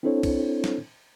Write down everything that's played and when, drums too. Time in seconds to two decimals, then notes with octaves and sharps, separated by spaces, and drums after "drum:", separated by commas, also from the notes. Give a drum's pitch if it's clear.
0.03 C4 D4 E4 A4 C5 C#5
0.23 drum: kick C2, cymbal
0.64 drum: snare